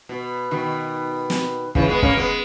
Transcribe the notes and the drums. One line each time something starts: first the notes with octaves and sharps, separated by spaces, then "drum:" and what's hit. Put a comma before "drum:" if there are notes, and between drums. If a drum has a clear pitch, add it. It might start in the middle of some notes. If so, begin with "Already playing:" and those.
B2
B2 D#3
drum: snare
C#3 E3, drum: kick
G#3 B3
A#3 C#4, drum: kick
G#3 B3